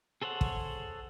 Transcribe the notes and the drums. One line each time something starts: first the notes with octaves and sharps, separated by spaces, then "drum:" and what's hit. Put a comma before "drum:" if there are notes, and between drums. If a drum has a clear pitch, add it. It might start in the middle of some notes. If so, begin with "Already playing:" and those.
G#4 A4 C5 C#5 F#5
drum: kick